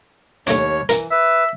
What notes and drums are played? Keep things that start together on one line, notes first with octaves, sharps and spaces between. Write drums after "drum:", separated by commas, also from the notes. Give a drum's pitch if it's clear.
D#2 A3 D4 C#5, drum: hi-hat
E3 A#4, drum: hi-hat
B4 E5